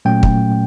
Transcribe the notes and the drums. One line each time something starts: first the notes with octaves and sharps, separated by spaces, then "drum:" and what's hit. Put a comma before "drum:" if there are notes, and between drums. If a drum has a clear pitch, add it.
A#2 F#3 A3 C#4 G5
drum: kick